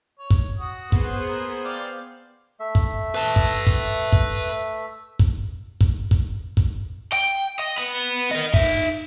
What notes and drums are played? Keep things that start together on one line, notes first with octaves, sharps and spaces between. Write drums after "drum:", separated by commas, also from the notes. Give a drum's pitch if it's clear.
C#5
drum: kick
F#4 D#6
B3 G#4 C5, drum: kick
A#4
D5 F5 G5
A3 E5
drum: kick
B4 A5
drum: kick
drum: kick
drum: kick
drum: kick
drum: kick
drum: kick
drum: kick
G5
D#5
B3 B5
A#4 D#5
D#4 E5, drum: kick